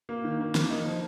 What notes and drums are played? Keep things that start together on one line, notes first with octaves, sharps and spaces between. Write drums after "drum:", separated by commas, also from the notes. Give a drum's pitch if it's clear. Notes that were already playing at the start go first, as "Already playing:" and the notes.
A#3
D#3
A#3
A#3, drum: snare
D#4
F3